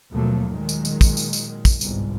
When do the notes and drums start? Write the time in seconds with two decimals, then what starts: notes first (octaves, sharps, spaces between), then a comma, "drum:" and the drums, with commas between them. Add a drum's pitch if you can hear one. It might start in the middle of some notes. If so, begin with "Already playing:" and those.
0.12 D#2 B2 F3 F#3 A3 A#3
0.48 A#2 D#3 F#3 G#3
0.69 drum: tambourine
0.85 drum: tambourine
1.01 drum: kick, tambourine
1.17 drum: tambourine
1.33 drum: tambourine
1.65 drum: kick, tambourine
1.81 G1 C2 G#2, drum: tambourine